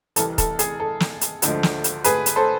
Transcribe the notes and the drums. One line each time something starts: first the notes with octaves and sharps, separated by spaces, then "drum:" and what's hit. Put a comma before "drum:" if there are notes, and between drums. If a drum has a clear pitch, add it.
C2 C3 E3 A4, drum: hi-hat
A4, drum: kick, hi-hat
G#4, drum: hi-hat
A4
drum: snare
drum: hi-hat
D2 D3 F3 G#3, drum: hi-hat
drum: snare
drum: hi-hat
G#4 B4, drum: hi-hat
drum: hi-hat
A4 C5